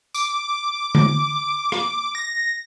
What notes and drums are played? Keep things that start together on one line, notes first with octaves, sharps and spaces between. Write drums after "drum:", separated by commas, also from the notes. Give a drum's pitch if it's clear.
D6, drum: tambourine
drum: tom D3
drum: rim click
A#6